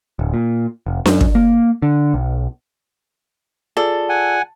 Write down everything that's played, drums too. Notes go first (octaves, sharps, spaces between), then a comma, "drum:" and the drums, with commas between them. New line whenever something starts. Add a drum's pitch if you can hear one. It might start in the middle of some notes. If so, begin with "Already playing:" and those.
D1
A#2
F1
F#2, drum: snare D4
drum: kick
A#3
D3
B1
F4 G#4 A4 D5
F#5 G#5